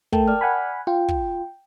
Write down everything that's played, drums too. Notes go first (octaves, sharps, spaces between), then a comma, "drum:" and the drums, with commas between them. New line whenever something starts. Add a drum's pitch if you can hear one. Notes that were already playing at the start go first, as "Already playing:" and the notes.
A3 A#4 G5 A5, drum: kick
D5 F6
F#5 G#5 B5
F4 G5
drum: kick